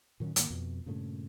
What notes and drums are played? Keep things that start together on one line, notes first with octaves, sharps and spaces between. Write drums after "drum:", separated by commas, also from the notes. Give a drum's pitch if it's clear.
A#2 D#3 F#3 C#4
G#2 D#3 A#3, drum: hi-hat
F2 B2
G2 A#2 C#3 A3